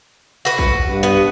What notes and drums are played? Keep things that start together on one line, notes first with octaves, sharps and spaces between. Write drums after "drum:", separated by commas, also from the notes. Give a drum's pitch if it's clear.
F#4 B4
drum: kick
G2
B3